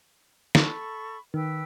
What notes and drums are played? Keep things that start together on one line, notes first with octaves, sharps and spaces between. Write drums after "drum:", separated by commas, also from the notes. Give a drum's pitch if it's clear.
A4 B5 C#6, drum: snare
D#3 B4 G5 E6